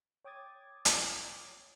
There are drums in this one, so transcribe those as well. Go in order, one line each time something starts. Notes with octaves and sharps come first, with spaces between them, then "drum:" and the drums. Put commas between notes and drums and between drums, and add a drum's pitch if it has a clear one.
C#5 G5 D6 D#6 G#6 A6
drum: hi-hat